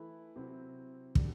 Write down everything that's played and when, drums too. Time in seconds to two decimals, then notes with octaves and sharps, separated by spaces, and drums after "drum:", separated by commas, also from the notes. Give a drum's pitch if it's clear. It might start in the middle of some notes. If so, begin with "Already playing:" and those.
Already playing: E3 A3 E4 B4
0.36 C3 F#3 C4 E4
1.15 D3 G3 D4 F#4, drum: kick